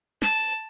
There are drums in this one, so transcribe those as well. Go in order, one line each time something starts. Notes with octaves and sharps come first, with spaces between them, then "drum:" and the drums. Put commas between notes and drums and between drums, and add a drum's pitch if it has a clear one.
A5, drum: snare